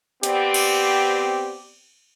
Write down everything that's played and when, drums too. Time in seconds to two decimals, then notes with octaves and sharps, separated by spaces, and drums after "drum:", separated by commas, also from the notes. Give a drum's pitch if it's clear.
0.23 B3 C4 G4 D5, drum: hi-hat
0.54 drum: cymbal